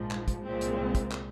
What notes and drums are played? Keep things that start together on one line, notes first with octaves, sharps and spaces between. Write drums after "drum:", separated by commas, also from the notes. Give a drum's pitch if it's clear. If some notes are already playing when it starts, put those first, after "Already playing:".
Already playing: A#1 G#2 F3
drum: clap
drum: kick, hi-hat
C2 A#2 G#3 C4
drum: hi-hat
drum: kick, hi-hat
drum: clap